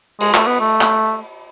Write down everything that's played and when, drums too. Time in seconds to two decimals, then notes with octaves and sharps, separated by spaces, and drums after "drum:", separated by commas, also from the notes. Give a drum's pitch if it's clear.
0.20 G#3, drum: cymbal
0.34 A3, drum: clap
0.47 B3
0.60 A3
0.81 drum: clap